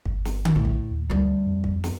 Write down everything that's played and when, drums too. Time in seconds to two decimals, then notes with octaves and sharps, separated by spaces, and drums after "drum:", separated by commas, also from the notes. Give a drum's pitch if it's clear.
0.05 G1, drum: kick
0.25 drum: snare
0.45 drum: tom D3
0.55 A#1 A2
0.65 drum: kick
0.91 D#2
1.10 D2 G3
1.47 F2
1.64 drum: kick
1.84 drum: snare